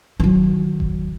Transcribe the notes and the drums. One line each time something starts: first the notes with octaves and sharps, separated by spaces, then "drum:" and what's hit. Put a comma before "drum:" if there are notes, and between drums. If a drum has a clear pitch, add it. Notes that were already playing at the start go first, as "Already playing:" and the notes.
D#3 F#3
drum: kick E1